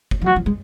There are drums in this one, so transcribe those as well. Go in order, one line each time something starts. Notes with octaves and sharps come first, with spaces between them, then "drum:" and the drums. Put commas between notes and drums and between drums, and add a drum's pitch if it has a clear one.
drum: kick
F3
F#3 F#4
F3
G#3